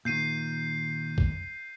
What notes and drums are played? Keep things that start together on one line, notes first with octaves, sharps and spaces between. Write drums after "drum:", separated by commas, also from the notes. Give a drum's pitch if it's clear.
A#2 D#3 G6 C7 D#7
drum: kick